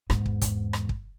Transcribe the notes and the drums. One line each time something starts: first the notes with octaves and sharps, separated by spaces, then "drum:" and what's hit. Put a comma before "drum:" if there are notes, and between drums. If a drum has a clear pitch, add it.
E2 G#2, drum: rim click
drum: kick
drum: kick, hi-hat
drum: rim click
drum: kick